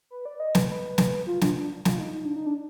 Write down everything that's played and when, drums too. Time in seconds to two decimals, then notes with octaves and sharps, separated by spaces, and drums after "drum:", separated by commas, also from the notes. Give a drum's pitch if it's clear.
0.10 B4
0.25 D5
0.40 D#5
0.55 B4, drum: snare
0.69 B4
0.98 drum: snare
1.27 F4
1.41 D4, drum: snare
1.56 D4
1.85 F4, drum: snare
1.99 D#4
2.14 D#4
2.25 D4
2.36 D#4
2.46 D4